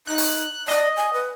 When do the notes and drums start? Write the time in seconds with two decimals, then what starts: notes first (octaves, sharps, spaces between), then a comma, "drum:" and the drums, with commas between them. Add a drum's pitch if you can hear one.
0.07 D#4 F#6
0.18 drum: open hi-hat
0.68 D5 D#5
0.97 G#5
1.13 B4